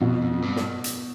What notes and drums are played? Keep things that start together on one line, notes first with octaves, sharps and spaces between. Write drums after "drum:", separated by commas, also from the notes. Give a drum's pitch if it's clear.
F2 B2
F2
F2
G2
drum: snare
drum: hi-hat